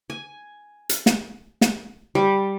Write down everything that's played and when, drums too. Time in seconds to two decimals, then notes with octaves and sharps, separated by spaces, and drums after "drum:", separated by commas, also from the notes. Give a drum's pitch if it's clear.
0.10 G#5
0.89 drum: hi-hat
1.06 drum: snare
1.61 drum: snare
2.15 G3